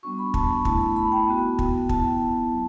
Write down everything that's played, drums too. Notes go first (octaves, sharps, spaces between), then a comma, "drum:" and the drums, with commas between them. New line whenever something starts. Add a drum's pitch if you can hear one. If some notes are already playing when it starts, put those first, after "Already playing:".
G3 B3 D4 F#4 C#6
B5
A5, drum: kick
A3 E4 A5, drum: kick
B5
B5
G5
B3 F#4
drum: kick
B3 E4 A5, drum: kick
F#3